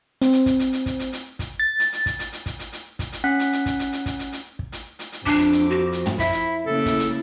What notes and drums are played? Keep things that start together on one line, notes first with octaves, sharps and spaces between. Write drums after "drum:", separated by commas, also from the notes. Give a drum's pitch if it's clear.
C4, drum: hi-hat
drum: hi-hat
drum: kick, hi-hat
drum: hi-hat
drum: hi-hat
drum: kick, hi-hat
drum: hi-hat
drum: hi-hat
drum: kick, hi-hat
A6
drum: hi-hat
drum: hi-hat
drum: kick, hi-hat
drum: hi-hat
drum: hi-hat
drum: kick, hi-hat
drum: hi-hat
drum: hi-hat
drum: kick, hi-hat
drum: hi-hat
C#4 F#5 F#6 B6
drum: hi-hat
drum: hi-hat
drum: kick, hi-hat
drum: hi-hat
drum: hi-hat
drum: kick, hi-hat
drum: hi-hat
drum: hi-hat
drum: kick
drum: hi-hat
drum: hi-hat
drum: hi-hat
F2 D4 D6, drum: kick, hi-hat
drum: hi-hat
drum: hi-hat
F#4
drum: hi-hat
drum: tom
E4 E5, drum: kick, hi-hat
drum: hi-hat
C#3 A#3 E4 A4
drum: kick, hi-hat
drum: hi-hat